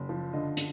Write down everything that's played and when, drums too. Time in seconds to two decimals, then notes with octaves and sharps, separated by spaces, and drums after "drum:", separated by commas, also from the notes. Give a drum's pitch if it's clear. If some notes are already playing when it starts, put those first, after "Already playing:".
Already playing: F#1
0.09 F3
0.33 D3 D#5
0.57 D3, drum: hi-hat